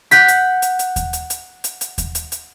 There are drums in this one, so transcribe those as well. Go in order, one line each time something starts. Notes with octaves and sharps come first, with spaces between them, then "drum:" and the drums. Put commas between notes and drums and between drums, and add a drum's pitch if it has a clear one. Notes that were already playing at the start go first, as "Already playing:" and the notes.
F#5 G6 B6, drum: hi-hat
drum: hi-hat
drum: hi-hat
drum: hi-hat
drum: kick D#2, hi-hat
drum: hi-hat
drum: hi-hat
drum: hi-hat
drum: hi-hat
drum: kick D#2, hi-hat
drum: hi-hat
drum: hi-hat